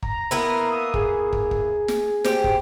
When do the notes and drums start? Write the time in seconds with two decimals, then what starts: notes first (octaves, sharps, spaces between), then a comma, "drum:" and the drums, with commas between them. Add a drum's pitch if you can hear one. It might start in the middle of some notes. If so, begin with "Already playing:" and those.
0.03 A#5, drum: kick
0.31 A#3 B3 E4
0.69 D#6
0.94 G#4, drum: kick
1.33 drum: kick
1.51 drum: kick
1.88 drum: snare
2.24 G4 C5, drum: snare
2.44 drum: kick